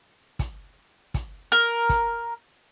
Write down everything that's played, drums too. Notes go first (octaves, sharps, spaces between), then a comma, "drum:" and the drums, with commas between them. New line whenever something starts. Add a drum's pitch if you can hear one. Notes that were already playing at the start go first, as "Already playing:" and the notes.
drum: kick, hi-hat
drum: kick, hi-hat
A#4
drum: kick, hi-hat